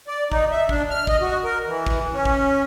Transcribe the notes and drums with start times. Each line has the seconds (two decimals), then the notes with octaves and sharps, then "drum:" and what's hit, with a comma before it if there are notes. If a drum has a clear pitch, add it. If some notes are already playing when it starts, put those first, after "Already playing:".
0.07 D5
0.32 D#4, drum: kick
0.51 E5
0.69 D4, drum: kick
0.90 F6
1.07 D#5, drum: kick
1.21 F#4
1.45 A#4
1.67 E3
1.86 drum: kick
2.13 C#4
2.25 drum: kick